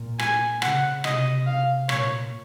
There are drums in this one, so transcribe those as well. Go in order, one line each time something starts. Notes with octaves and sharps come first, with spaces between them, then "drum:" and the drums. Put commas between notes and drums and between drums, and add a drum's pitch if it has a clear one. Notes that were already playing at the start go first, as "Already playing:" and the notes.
Already playing: A#2
G#5, drum: rim click
C#3 F#5, drum: rim click
C3 D#5, drum: rim click
F5
A#2 C#5, drum: rim click